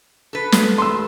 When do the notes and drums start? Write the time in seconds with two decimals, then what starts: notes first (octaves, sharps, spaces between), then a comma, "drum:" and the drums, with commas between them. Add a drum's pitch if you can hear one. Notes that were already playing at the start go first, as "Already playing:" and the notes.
0.33 A4 B4
0.52 drum: snare
0.78 C6 E6